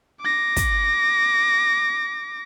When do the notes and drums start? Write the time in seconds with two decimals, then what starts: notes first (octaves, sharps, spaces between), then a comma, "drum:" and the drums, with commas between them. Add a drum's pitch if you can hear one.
0.21 D6 A#6
0.56 drum: kick, hi-hat